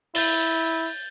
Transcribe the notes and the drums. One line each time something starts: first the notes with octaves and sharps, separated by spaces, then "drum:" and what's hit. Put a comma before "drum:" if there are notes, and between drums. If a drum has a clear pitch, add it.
E4 G6 A6 G7, drum: open hi-hat